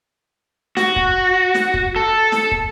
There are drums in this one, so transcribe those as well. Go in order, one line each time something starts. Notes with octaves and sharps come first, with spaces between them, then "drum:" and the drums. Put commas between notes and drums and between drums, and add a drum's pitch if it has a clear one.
F#4, drum: snare
drum: kick
drum: snare
drum: kick
A4
drum: snare
drum: kick